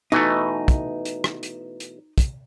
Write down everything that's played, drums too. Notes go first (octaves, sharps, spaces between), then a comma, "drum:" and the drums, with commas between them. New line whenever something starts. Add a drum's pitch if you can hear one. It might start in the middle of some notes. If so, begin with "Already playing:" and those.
B2 E3 A3 D#4
drum: kick, hi-hat
drum: hi-hat
drum: rim click
drum: hi-hat
drum: hi-hat
drum: kick, hi-hat